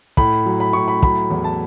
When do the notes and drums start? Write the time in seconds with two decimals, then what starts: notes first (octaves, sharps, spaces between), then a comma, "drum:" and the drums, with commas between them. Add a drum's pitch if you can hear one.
0.17 A2 B5, drum: kick
0.46 F#3
0.60 B5
0.73 A2 C#6
0.88 B5
1.02 F#3 B5, drum: kick
1.30 E2
1.44 A5